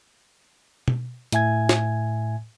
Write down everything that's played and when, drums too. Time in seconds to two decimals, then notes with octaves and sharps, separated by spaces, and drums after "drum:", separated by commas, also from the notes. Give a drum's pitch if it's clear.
0.88 drum: tom B2
1.32 A2 E5 G#5 G#6, drum: hi-hat
1.69 drum: snare